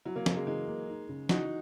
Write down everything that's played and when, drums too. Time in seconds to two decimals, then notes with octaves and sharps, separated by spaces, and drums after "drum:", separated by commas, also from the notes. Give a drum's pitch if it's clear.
0.05 F#3 E4
0.15 F#3 A#3
0.26 C#3 F#3, drum: snare
0.36 G#3
0.47 E3 G#3
0.68 A#3
0.88 D#4
1.09 C#3
1.29 E3 D#4 F#4, drum: snare